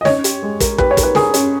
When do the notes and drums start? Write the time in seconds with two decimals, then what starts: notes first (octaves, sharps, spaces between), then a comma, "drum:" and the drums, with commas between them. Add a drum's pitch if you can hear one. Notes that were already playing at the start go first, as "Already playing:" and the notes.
0.01 D#5
0.05 C#4 C#5, drum: snare
0.24 G4, drum: hi-hat
0.42 G#3
0.60 A#4, drum: kick, hi-hat
0.78 G4 B4, drum: kick
0.91 C#5
0.97 A#4, drum: kick, hi-hat
1.03 B4
1.15 G#4 A#4, drum: snare
1.34 C#4, drum: hi-hat